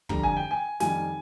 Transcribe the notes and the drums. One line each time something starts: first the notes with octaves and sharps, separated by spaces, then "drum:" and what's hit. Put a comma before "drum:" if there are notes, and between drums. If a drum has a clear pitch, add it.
F2 D3 G3 A#5, drum: kick
G#5
G5
G#5
F2 D#3 G3 G#5, drum: snare